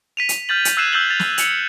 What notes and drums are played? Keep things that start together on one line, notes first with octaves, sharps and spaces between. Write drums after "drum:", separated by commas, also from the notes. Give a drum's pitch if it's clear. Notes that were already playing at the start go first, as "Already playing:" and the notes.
B6 D#7 F7
drum: hi-hat
F6 G6 A6 F#7
drum: hi-hat
E6 F#6 G#6 C7 D#7 E7
E6 G6 A6 C7 F#7 G7
A6 F7
drum: snare
C#7 F7 F#7, drum: hi-hat